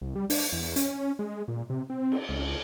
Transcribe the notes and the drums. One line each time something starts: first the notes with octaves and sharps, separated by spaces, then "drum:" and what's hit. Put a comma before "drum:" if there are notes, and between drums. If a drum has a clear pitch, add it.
C2
G3
D4, drum: open hi-hat
E2
C#4, drum: hi-hat
G#3
A#2
C3
C4
drum: cymbal
C#2